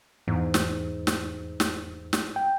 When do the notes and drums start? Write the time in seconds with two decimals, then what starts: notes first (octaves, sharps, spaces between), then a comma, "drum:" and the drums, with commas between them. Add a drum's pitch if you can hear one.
0.28 E2 G#2
0.54 drum: snare
1.07 drum: snare
1.60 drum: snare
2.13 drum: snare
2.36 G5